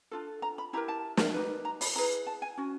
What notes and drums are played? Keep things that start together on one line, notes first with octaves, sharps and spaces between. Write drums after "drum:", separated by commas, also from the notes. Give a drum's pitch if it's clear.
D4 F4 A4
A#5
B5
E4 G4 A#4 A#5
A5
drum: snare
D#4 G4 B4
A#5
B5, drum: open hi-hat
E4 G#4 B4 A#5
A5
G#5
C#4 F#4